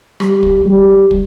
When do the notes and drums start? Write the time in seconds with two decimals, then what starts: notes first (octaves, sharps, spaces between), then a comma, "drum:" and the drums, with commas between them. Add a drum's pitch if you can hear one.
0.20 G3, drum: rim click
0.43 drum: kick
0.65 G3
1.11 drum: kick